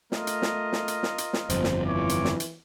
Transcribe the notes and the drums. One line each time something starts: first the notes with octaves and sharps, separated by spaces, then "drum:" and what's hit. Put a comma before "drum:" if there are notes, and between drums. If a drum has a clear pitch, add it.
A3 F4 A#4 D#5, drum: snare
drum: hi-hat
drum: snare
drum: snare
drum: hi-hat
drum: snare
drum: hi-hat
drum: snare
G1 F2 C5, drum: hi-hat
drum: snare
E3 F4 C#5 D6
drum: hi-hat
drum: snare
drum: hi-hat